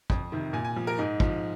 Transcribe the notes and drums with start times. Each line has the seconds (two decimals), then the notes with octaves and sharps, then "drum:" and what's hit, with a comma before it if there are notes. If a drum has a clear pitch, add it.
0.10 F2, drum: kick
0.32 C3 D#3
0.53 A#2 G#5
0.65 G#5
0.76 F3
0.87 A#4
0.98 G#2 D#4
1.20 F3, drum: kick